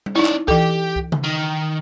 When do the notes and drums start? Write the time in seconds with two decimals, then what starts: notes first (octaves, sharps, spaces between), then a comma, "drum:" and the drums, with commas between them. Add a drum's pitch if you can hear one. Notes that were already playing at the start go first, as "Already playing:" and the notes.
0.06 drum: tom G3
0.16 C#4 D#4 E4 D5
0.25 drum: clap
0.48 E3 G4 A4, drum: kick C2
0.96 drum: kick C2
1.12 drum: tom C#3
1.24 D#3